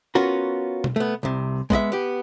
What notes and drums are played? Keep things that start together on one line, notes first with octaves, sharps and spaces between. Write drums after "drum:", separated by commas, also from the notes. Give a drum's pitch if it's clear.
B3 C#4 F4 F#4 A#4
drum: tom B2
A3 B3
C2 C3
G#3 B3 D#5 E5, drum: kick
B3 G4